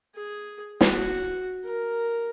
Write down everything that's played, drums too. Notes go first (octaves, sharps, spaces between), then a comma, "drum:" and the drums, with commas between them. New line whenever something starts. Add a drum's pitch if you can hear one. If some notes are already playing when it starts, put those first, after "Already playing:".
G#4
F#4, drum: snare
A#4